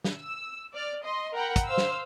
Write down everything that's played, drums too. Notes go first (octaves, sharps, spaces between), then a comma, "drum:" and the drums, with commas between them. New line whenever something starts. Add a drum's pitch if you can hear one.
drum: snare
E6
D5 F6
D#5 C6
A#4 F#5 G5 B5
drum: kick, hi-hat
C5 F5 E6
drum: snare